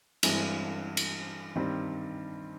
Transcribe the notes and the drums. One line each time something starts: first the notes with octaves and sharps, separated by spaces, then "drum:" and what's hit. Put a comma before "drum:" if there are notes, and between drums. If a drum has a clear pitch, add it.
G2 E3 G#3 C4, drum: cymbal
drum: cymbal
G2 D#3 G3 C4